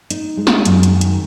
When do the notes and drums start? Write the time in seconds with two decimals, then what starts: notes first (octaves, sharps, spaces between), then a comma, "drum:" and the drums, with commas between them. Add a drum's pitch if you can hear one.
0.10 D#4, drum: hi-hat
0.37 G#3
0.47 drum: snare
0.65 F#2, drum: hi-hat
0.83 drum: hi-hat
0.92 D#3
1.01 drum: hi-hat